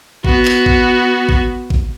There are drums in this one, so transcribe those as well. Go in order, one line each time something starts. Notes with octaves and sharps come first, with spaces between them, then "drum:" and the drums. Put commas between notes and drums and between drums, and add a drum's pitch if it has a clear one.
B3 F#4, drum: kick A1
drum: clap
drum: kick A1
drum: kick A1
drum: kick A1